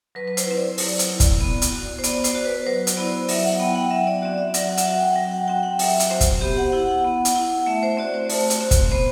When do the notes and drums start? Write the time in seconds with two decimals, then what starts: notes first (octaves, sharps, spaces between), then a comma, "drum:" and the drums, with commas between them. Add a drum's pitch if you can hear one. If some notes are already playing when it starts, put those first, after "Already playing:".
0.15 F#3 B4
0.28 B4
0.37 C5, drum: hi-hat
0.47 C4 E4
0.57 D5
0.78 F#3, drum: open hi-hat
0.99 drum: hi-hat
1.09 C4 E4
1.20 drum: kick, hi-hat
1.41 B3
1.62 drum: hi-hat
1.72 F#4
1.99 C5
2.04 B3 D5, drum: hi-hat
2.24 C5, drum: hi-hat
2.35 F#4
2.45 B4
2.66 F#3 C5
2.87 drum: hi-hat
2.97 B3 E4 D5
3.29 F#3 E5, drum: open hi-hat
3.44 F#5
3.59 B3 E4 G5
3.75 F#5
3.91 F#3 E5
4.07 D5
4.22 C4 F#4 D5
4.38 E5
4.54 F#3 F#5, drum: hi-hat
4.69 F#5
4.77 E5, drum: hi-hat
4.85 C4 F#4 F#5
5.01 G5
5.16 F#3 G5
5.31 F#5
5.48 C4 F#4 G5
5.63 F#5
5.79 F#3 E5, drum: open hi-hat
6.00 drum: hi-hat
6.10 C4 F#4 C5
6.21 drum: kick, hi-hat
6.41 B3 G4
6.57 F#5
6.72 E4 F#5
6.88 F#5
7.04 B3
7.25 drum: hi-hat
7.35 E4
7.66 A3 E5
7.83 C5
7.97 C4 F#4 D5
8.14 C5
8.29 A3, drum: open hi-hat
8.50 drum: hi-hat
8.61 C4 F#4
8.71 drum: kick, hi-hat
8.92 B3 C5